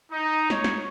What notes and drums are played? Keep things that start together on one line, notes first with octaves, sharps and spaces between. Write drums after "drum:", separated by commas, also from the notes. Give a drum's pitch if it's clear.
D#4
C#5, drum: snare
drum: snare